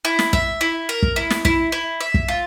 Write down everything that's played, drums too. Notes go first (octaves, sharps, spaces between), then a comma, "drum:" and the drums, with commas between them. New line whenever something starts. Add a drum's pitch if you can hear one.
E4
drum: snare
E5, drum: kick
E4
A#4
drum: kick
E4
drum: snare
E4, drum: kick
E4
E5
drum: kick
F4